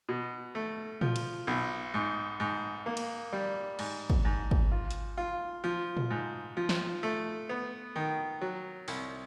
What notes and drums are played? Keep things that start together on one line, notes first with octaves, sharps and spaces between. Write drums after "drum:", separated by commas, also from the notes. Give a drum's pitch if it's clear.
B2
A3
F3, drum: tom A#2
drum: cymbal
B1
G#2
G#2
A#3
drum: cymbal
G3
G#2, drum: cymbal
drum: kick
G#2
drum: kick
F4
drum: hi-hat
F4
F3
drum: tom A#2
G#2
F3
drum: snare
A3
B3
D#3
F#3
C2, drum: open hi-hat